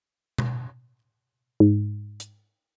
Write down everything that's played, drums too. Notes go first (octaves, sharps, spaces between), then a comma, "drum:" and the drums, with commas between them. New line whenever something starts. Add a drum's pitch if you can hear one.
drum: tom B2
G#2
drum: hi-hat